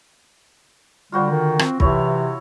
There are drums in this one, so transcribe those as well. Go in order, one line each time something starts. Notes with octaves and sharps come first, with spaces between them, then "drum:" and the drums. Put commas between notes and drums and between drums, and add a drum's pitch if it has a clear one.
D3 G3 F4 F#4 C5
D#3
C4, drum: rim click
C3 E3 E4 C#5, drum: kick